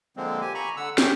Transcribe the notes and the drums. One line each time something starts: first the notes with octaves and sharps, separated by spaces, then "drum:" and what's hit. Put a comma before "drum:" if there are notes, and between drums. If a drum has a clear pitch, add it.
D3 F3 G#3 A#3 C4
G4 G#5
G#5 A#5 B5 C#6
D3 F#5 E6
C#3 C#4 G4 G5 G6, drum: snare